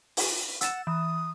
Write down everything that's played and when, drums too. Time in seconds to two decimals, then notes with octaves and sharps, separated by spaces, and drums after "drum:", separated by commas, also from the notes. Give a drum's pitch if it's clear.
0.17 drum: open hi-hat
0.61 F#5 E6 A6 E7, drum: hi-hat
0.87 E3 D#6